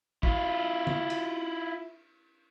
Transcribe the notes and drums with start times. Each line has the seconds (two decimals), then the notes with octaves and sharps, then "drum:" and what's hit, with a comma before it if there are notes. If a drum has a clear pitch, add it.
0.23 E4 F4, drum: kick
0.87 drum: tom
1.10 drum: cymbal